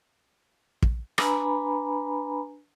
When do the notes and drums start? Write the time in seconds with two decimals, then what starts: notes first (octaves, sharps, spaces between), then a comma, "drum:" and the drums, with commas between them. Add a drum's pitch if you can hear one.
0.83 drum: kick
1.18 D4 B4 G#5 A#5 B5, drum: rim click